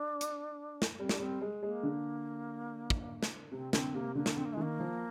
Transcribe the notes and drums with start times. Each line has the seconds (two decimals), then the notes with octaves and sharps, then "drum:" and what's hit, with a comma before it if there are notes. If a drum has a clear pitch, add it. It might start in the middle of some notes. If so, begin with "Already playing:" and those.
Already playing: D4
0.21 drum: hi-hat
0.82 drum: snare
0.99 G3 C4
1.09 D4, drum: snare
1.20 G3 C4
1.41 G#3
1.62 G#3 A#3
1.83 D3
2.90 drum: kick
3.23 drum: snare
3.52 C3 C4
3.73 D3 C4, drum: snare
3.94 C3 A#3
4.15 D3 A#3
4.26 drum: snare
4.36 D3 C4
4.45 A#3
4.53 G#3
4.57 D#3 A#3
4.79 F3